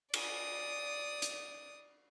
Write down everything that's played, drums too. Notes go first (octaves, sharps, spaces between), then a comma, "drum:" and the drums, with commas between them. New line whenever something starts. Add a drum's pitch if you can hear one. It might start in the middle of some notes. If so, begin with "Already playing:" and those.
D5 D#6, drum: cymbal
drum: hi-hat